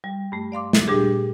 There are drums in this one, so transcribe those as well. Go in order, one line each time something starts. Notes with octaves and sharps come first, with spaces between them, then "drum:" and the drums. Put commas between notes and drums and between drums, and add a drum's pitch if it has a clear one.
G3
G2 A3
D5 F5 C6 D6
drum: snare
A#2 G3 D4 G4 G#4